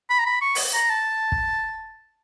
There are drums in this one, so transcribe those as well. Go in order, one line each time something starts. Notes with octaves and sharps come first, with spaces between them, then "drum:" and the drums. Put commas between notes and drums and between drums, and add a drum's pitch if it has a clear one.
B5
A#5
B5
C#6
drum: open hi-hat
A#5
A5
drum: kick